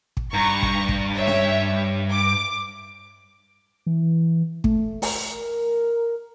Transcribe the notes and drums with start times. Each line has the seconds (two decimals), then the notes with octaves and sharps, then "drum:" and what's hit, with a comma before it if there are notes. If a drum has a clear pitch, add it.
0.17 drum: kick
0.34 G2 A#5 C#6
0.63 drum: kick
0.89 drum: kick
1.17 C#5 E5
1.27 drum: snare C#4
2.10 D6 D7
3.86 E3
4.64 A3, drum: kick
5.02 A#4, drum: open hi-hat